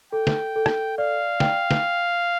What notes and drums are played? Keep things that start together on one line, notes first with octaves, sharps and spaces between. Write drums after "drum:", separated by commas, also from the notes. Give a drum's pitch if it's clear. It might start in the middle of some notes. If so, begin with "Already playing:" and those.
A4 G5
drum: snare
A4
drum: rim click
D5 F5
G5, drum: snare
drum: snare